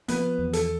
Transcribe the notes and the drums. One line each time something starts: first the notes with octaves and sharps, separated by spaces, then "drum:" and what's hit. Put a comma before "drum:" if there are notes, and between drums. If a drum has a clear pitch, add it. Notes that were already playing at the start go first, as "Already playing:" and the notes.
F3 B3 B4, drum: hi-hat
E2
A4, drum: hi-hat